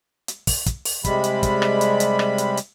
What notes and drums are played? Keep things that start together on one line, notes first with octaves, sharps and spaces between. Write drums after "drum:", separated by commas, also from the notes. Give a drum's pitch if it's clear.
drum: hi-hat
drum: kick, open hi-hat
drum: kick, hi-hat
drum: open hi-hat
C3 G3 G#3 B5, drum: kick, hi-hat
drum: hi-hat
drum: kick, hi-hat
drum: rim click
drum: hi-hat
drum: hi-hat
drum: rim click
drum: hi-hat
drum: hi-hat